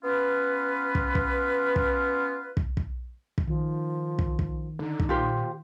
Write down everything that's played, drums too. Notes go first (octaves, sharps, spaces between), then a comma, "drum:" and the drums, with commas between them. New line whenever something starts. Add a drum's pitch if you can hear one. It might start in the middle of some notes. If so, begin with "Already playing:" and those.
B3 C#4 F4 B4
drum: kick
drum: kick
drum: kick
drum: kick
drum: kick
drum: kick
D#3 F3
drum: kick
drum: kick
D3 D#4
drum: kick
A#2 F4 G4 C5